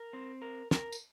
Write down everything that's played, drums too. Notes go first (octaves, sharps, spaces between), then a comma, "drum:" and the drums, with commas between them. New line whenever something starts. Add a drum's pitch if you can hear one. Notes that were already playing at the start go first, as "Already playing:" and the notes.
Already playing: A#4
C4
A#4
A#4, drum: snare
drum: tambourine